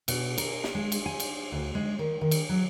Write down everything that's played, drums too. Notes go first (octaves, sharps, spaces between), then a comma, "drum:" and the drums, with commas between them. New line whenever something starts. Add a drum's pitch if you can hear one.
B2, drum: cymbal
A#4, drum: cymbal
drum: snare
G#3
drum: cymbal
G#5
drum: cymbal
D2
G#3
D#3
D#3
drum: cymbal
F#3